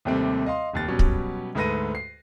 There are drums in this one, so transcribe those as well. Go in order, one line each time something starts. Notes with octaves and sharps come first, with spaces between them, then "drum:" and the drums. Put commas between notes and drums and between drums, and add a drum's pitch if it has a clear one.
D#2 C3 G3 A3 C4
D#5 F5 C6
F1 D#2 A6
B2 F#3 G3 C#4
drum: kick
D2 G#2 A4 B4 A#6 D#7
C7